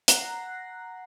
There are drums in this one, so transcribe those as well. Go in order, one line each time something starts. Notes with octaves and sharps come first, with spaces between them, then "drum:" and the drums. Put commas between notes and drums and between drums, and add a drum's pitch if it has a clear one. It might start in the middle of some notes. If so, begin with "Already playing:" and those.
F#5 A#5 F#6 A#6 C7, drum: hi-hat